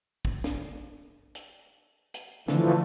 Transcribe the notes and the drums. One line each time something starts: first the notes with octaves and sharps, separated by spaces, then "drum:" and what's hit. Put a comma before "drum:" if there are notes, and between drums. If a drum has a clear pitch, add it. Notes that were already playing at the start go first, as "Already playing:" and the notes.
drum: kick
drum: snare
drum: hi-hat
drum: hi-hat
D3 E3 F3 A3, drum: snare